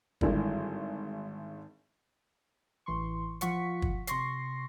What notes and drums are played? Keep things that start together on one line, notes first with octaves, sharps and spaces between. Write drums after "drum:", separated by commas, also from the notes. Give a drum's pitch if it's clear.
G#1 G2 D3 E4 A#4 D5, drum: kick
A1 E3 C6 C#6
F3 F4 F#5 C#6 B6 C#7, drum: hi-hat
drum: kick
C3 C6 C#6 A#6 C7, drum: hi-hat